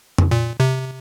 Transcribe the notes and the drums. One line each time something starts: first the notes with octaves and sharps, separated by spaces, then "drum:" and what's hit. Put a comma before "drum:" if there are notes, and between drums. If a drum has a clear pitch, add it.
drum: tom F2
A#2
C3